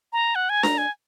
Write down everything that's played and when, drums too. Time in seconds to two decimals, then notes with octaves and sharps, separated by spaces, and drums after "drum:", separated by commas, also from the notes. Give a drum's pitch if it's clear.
0.13 A#5
0.35 F#5
0.49 G#5
0.63 A#5, drum: snare D4
0.78 G#5